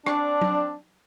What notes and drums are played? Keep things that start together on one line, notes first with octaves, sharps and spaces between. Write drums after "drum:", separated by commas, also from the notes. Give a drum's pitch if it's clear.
C4 D4, drum: rim click
drum: tom